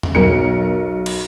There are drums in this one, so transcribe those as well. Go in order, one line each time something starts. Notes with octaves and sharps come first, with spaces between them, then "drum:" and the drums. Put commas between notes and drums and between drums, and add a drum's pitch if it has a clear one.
drum: tom E2
B1 A#4 C#7
drum: cymbal